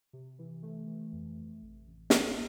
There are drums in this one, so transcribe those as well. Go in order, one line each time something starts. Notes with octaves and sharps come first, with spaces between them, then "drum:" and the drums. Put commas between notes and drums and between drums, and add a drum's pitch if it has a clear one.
C3
E3
A3
E3
F2
F2
A1
A1
A1, drum: snare